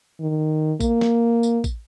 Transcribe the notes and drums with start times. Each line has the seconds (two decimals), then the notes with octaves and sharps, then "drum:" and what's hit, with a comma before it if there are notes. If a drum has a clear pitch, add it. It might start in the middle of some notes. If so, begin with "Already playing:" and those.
0.20 D#3
0.80 A#3, drum: kick, tambourine
1.01 drum: snare
1.43 drum: tambourine
1.64 drum: kick, tambourine